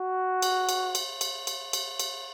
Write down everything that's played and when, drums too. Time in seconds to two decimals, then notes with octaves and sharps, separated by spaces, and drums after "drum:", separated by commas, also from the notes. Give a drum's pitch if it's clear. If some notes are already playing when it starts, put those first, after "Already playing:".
Already playing: F#4
0.42 drum: cymbal
0.69 drum: cymbal
0.95 drum: cymbal
1.21 drum: cymbal
1.47 drum: cymbal
1.73 drum: cymbal
2.00 drum: cymbal